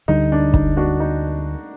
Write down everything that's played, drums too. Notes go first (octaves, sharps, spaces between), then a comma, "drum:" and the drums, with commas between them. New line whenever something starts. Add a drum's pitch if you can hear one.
D2 D3 G3 D#4
D4
D#4, drum: kick
D4 F#4
D#4